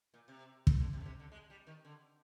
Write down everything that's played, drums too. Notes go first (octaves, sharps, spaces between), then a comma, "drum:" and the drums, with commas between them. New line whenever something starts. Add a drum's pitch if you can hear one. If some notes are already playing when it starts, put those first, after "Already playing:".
A#2
C3
drum: kick
D3
C3
D3
C3
D3
G#3
G3
D#3
D3